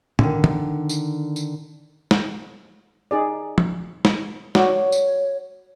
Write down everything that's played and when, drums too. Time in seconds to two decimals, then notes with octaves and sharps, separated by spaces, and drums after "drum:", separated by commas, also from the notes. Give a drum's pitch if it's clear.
0.19 D3 D#3, drum: tom
0.44 drum: tom
0.89 drum: tambourine
1.36 drum: tambourine
2.11 drum: snare
3.11 D#4 G#4 D5
3.58 drum: tom
4.05 drum: snare
4.55 F#4 C#5 D5, drum: snare
4.92 drum: tambourine